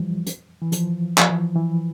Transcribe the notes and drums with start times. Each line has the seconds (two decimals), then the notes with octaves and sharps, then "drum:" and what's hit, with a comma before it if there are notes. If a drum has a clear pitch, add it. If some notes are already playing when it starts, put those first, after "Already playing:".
Already playing: E3 F3 G3
0.27 drum: hi-hat
0.61 E3
0.72 F3, drum: hi-hat
1.18 F3, drum: clap
1.30 E3
1.56 E3